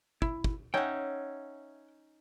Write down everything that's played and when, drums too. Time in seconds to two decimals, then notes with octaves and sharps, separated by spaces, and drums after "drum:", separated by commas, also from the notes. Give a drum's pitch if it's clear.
0.22 E4, drum: kick
0.44 drum: kick
0.74 C#4 D#4 E5 F#5 G5